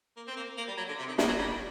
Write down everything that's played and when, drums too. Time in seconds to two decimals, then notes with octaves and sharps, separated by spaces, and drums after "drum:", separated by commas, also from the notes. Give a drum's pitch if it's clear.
0.17 A#3
0.27 C4
0.37 A#3
0.57 A#3
0.68 G3
0.77 F#3
0.88 D3
0.98 C3
1.08 D#3
1.18 D#3, drum: snare
1.29 F#3
1.39 G3